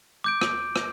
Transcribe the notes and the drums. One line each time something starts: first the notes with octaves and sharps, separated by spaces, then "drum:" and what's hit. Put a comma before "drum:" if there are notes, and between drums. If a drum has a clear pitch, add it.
D6 G6 D7
drum: rim click
drum: rim click